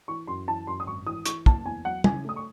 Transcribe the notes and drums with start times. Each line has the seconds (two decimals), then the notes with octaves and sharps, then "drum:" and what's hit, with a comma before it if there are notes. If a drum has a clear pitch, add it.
0.08 E3 C#6
0.27 F#2 C6
0.48 E3 A5
0.67 F#2 C6
0.80 D#6
0.86 G#1 C#6
1.06 E3 D#6
1.26 E3 C#6, drum: hi-hat
1.46 F#1 A5, drum: kick
1.65 E2 G#5
1.85 F#3 F#5
2.04 C#3 G#5, drum: tom
2.25 A3 D#6
2.36 C#6